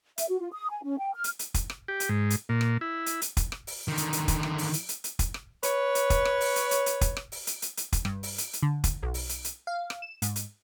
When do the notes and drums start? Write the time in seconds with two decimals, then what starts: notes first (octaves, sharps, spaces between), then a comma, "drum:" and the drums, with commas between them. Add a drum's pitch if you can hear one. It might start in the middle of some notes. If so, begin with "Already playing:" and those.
0.18 E5, drum: hi-hat
0.29 F#4
0.40 F4
0.52 D#6
0.70 G#5
0.83 C#4
0.98 G5
1.14 F6
1.24 drum: hi-hat
1.39 drum: hi-hat
1.54 drum: kick, hi-hat
1.70 drum: rim click
1.88 G4
2.00 drum: hi-hat
2.09 G#2
2.30 drum: hi-hat
2.49 A#2
2.61 drum: rim click
2.81 E4
3.06 drum: hi-hat
3.22 drum: hi-hat
3.37 drum: kick, hi-hat
3.52 drum: rim click
3.67 drum: open hi-hat
3.88 D3 D#3
3.97 drum: hi-hat
4.13 drum: hi-hat
4.28 drum: kick, hi-hat
4.43 drum: rim click
4.58 drum: open hi-hat
4.73 drum: hi-hat
4.89 drum: hi-hat
5.04 drum: hi-hat
5.19 drum: kick, hi-hat
5.34 drum: rim click
5.63 B4 C#5, drum: hi-hat
5.95 drum: hi-hat
6.10 drum: kick, hi-hat
6.25 drum: rim click
6.41 drum: open hi-hat
6.56 drum: hi-hat
6.71 drum: hi-hat
6.86 drum: hi-hat
7.01 drum: kick, hi-hat
7.17 drum: rim click
7.32 drum: open hi-hat
7.47 drum: hi-hat
7.62 drum: hi-hat
7.77 drum: hi-hat
7.93 drum: kick, hi-hat
8.05 G2, drum: rim click
8.23 drum: open hi-hat
8.38 drum: hi-hat
8.53 drum: hi-hat
8.62 D3
8.84 drum: kick, hi-hat
9.03 B1
9.14 drum: open hi-hat
9.29 drum: hi-hat
9.44 drum: hi-hat
9.67 F5
9.90 drum: rim click
10.02 E7
10.22 G#2, drum: hi-hat
10.36 drum: hi-hat